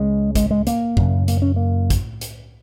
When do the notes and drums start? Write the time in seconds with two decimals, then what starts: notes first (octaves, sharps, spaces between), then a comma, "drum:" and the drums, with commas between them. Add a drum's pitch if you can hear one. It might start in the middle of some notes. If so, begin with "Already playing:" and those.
Already playing: C#2 C#3 G#3
0.35 G#3, drum: kick, hi-hat
0.51 G#3
0.67 A#3, drum: hi-hat
0.97 F#2 C#3, drum: kick
1.28 A#3, drum: hi-hat
1.42 C#4
1.56 A#3
1.90 drum: kick, hi-hat
2.21 drum: hi-hat